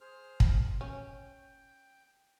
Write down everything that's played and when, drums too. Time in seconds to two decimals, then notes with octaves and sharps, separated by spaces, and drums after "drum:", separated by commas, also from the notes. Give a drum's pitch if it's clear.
0.01 G#4 C5 F6
0.40 drum: kick
0.81 C#4 G5